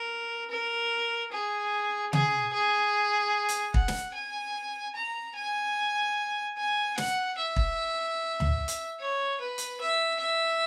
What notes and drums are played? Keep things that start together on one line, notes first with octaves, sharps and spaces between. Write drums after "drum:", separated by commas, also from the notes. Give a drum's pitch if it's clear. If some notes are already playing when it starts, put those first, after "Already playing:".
Already playing: A#4
A#4
G#4
G#4, drum: tom C3
G#4
drum: hi-hat
F#5, drum: kick
drum: snare
G#5
A#5
G#5
G#5
F#5, drum: snare
E5
drum: kick
drum: tom
drum: hi-hat
C#5
B4
drum: hi-hat
E5
E5